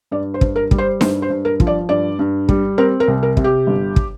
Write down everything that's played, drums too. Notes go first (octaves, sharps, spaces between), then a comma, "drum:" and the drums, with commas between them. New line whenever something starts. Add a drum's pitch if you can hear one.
G2 D5
C5
G2, drum: kick
A#4
G3, drum: kick
C5
G2 C5, drum: snare D#4
C5
G2
A#4
F3, drum: kick
D5
G2 D5
G2
G3, drum: kick
C4 A#4
A#4
C2
A#4
C3, drum: kick
G4
G1
drum: kick